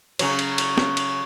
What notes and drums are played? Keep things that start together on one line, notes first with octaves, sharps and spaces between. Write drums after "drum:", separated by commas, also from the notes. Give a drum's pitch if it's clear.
C#3 F#3 C#5, drum: cymbal
drum: cymbal
drum: cymbal
drum: snare
drum: cymbal